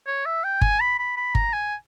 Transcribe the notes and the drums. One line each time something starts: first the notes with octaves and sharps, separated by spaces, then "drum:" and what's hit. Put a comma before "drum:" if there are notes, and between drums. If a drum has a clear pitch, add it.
C#5
E5
G5
G#5, drum: kick G1
B5
B5
B5
A#5, drum: kick G1
G#5